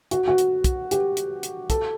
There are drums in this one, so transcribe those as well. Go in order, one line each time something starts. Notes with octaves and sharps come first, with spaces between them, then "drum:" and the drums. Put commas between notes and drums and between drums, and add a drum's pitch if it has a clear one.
F#4, drum: hi-hat
F#4
drum: hi-hat
drum: kick, hi-hat
G4, drum: hi-hat
drum: hi-hat
drum: hi-hat
A4, drum: kick, hi-hat